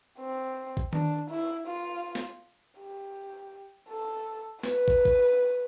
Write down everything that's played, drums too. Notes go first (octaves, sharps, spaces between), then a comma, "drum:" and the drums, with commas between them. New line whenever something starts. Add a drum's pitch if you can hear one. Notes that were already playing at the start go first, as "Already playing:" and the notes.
C4
drum: kick
D4, drum: tom D#3
E4
F4
drum: snare
G4
A4
B4, drum: snare
drum: kick
drum: kick